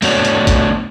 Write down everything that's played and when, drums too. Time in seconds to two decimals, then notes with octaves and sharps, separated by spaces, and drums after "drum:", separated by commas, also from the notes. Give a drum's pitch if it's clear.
0.02 A3 B3 D4 F#4 C#5, drum: open hi-hat
0.25 drum: hi-hat
0.47 drum: kick, hi-hat